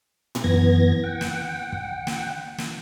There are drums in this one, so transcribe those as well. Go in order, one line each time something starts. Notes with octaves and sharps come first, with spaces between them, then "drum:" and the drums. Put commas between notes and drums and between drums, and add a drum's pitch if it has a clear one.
drum: tom A2
F#2 E3 B3 G#6 A#6
F#5 G5
drum: snare
drum: kick
drum: snare
drum: snare